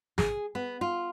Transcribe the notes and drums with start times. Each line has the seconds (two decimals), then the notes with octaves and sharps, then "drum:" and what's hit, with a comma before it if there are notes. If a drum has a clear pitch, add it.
0.18 G#4, drum: snare
0.55 B3
0.81 F4